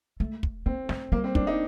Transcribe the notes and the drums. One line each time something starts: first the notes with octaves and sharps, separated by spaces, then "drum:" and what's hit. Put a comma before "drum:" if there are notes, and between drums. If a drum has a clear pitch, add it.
A3
drum: kick
A#3 C4
A3, drum: snare
G3 A#3
C4
D4, drum: kick
D#4